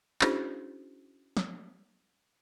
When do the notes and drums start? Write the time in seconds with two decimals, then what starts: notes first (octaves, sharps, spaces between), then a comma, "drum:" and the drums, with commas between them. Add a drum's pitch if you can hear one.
0.21 C#4 D4 E4 F#4 G#4 C5, drum: clap
1.37 drum: snare